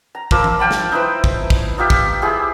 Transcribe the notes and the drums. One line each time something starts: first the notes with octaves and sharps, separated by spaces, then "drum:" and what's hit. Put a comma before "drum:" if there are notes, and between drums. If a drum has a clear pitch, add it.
A#5
F3 A#4 D6 E6, drum: kick
drum: tom
F5 G5 A5 B5
drum: snare
D#4 E4 B4 C5
drum: kick
drum: kick
D#4 F4 G4 E5
drum: kick
E4 G4 G#4